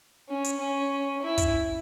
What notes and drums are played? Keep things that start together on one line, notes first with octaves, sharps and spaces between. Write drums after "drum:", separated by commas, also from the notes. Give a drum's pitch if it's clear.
C#4
drum: hi-hat
C#4
E4
drum: kick, hi-hat